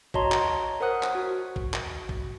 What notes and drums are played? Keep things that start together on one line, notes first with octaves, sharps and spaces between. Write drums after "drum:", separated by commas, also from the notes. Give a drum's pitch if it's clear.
F#4 C#5 D#5 A5 A#5 C6, drum: kick
drum: clap
A#4 C5 F#5 D#6 F#6
drum: clap
F#4
drum: kick
drum: clap
drum: kick